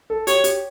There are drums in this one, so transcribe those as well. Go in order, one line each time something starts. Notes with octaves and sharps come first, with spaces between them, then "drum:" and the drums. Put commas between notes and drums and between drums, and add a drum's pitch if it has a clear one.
A4
G4 C#5, drum: hi-hat
G4, drum: hi-hat